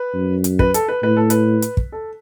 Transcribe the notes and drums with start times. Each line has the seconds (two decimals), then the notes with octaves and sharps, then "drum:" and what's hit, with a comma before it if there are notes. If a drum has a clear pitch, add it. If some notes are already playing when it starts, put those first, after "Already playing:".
Already playing: B4
0.14 F#2
0.44 drum: hi-hat
0.59 B4, drum: kick
0.74 A4, drum: hi-hat
0.88 B4
1.03 A2 B4
1.17 A4
1.30 B4, drum: hi-hat
1.62 drum: hi-hat
1.77 drum: kick
1.92 A4